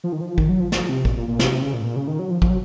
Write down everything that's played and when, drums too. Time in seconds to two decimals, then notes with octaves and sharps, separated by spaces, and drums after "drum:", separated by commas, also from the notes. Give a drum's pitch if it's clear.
0.04 F3
0.12 D#3
0.21 F3
0.38 D#3, drum: kick
0.49 F#3
0.60 F3
0.72 F3, drum: snare
0.89 C3
1.05 A#2, drum: kick
1.17 A#2
1.28 A#2
1.39 C3, drum: snare
1.52 C3
1.62 C#3
1.74 A#2
1.81 G#2
1.84 A#2
1.96 C#3
2.08 D#3
2.19 F#3
2.30 F3
2.42 F3, drum: kick
2.50 F#3